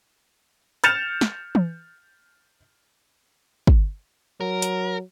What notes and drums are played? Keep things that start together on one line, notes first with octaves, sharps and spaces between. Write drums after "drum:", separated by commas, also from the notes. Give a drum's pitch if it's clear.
F6 G6 A6 C#7 E7 F7, drum: hi-hat
drum: snare
drum: tom E3
drum: kick
F#3 A#4
drum: hi-hat